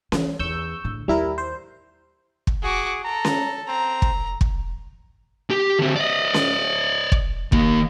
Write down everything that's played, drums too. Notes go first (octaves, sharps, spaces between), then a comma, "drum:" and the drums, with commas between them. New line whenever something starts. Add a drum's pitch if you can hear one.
E3, drum: snare C#4
E2 C#6 E6 G6
A2 D3
D#2 G3 E4 A#4
C5
drum: kick
F#4 G#4 D6
A4 A#5
drum: snare C#4
C4 A#5
drum: kick
drum: kick
G4
D3 C4
D5 D#5
drum: snare C#4
drum: kick
D#3 A#3, drum: kick